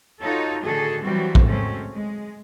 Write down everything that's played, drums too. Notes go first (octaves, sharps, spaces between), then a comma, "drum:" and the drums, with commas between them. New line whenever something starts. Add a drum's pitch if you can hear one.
D#4 F4 F#4 A4 C#5
A2 D3 D#3 F#4 G#4 A4
D3 E3 F#3 G3 C4 F#4
drum: kick
F#3 G#3 A3 C4 C#4
G#3